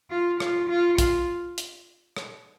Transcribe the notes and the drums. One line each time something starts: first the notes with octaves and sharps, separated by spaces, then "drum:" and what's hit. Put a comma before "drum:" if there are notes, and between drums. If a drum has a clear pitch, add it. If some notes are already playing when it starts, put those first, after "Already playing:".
F4
F4, drum: rim click
F4
F4, drum: kick, hi-hat
drum: hi-hat
drum: rim click